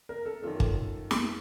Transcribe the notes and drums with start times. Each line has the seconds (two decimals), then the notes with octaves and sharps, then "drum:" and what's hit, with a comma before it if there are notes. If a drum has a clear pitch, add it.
0.09 A#4
0.26 A4
0.43 F#2 D#3 A#3 F4 A4
0.60 drum: kick
1.11 drum: snare